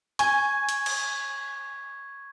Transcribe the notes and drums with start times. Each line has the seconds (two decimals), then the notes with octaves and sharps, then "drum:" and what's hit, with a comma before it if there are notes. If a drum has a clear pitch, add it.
0.19 G#5 C#6 G#6, drum: hi-hat
0.69 drum: hi-hat
0.86 drum: cymbal